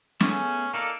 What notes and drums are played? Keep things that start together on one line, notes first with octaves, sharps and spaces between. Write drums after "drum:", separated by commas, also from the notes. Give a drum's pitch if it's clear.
A3 B3 C#4 G#4, drum: snare
A#3 D#4 A4 D5